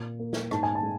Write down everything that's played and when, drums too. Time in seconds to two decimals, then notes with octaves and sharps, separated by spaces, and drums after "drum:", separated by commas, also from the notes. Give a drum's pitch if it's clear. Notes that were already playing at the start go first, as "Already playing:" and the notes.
Already playing: A#2
0.19 A#3
0.33 drum: snare
0.51 G#2 A5, drum: rim click
0.63 G#5
0.75 A5
0.83 G#3